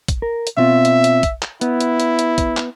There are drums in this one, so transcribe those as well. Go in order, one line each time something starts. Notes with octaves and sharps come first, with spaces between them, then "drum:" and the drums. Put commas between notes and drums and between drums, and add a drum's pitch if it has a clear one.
drum: kick, hi-hat
A#4
drum: hi-hat
B2 C4 F4 E5
drum: hi-hat
drum: hi-hat
drum: kick, hi-hat
drum: clap
B3 E4, drum: hi-hat
drum: hi-hat
drum: hi-hat
drum: hi-hat
drum: kick, hi-hat
drum: clap